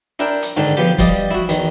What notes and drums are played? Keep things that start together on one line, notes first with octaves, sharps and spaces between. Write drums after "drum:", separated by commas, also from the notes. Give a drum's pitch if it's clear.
D4 E4 A#4 G5
drum: hi-hat
G#2 D3 D#3 D4
F3 B3 G4
F3 G3 D5 D#5, drum: kick, hi-hat
E4 F#4
E2 D#3, drum: hi-hat